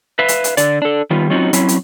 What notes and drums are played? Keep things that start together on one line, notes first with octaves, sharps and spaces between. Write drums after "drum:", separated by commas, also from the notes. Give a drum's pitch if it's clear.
B4 E5 F5
drum: hi-hat
drum: hi-hat
D3 D5, drum: hi-hat
D4 A4
D#3 G3 B3 F4
F#3 C4 C#4 D#4 F4 F#4
F#3 C4 C#4 E4, drum: hi-hat
drum: hi-hat